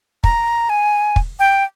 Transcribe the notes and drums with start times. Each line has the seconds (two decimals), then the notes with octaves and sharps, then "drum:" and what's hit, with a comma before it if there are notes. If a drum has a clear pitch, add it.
0.24 A#5, drum: kick
0.69 G#5
1.16 drum: kick
1.40 G5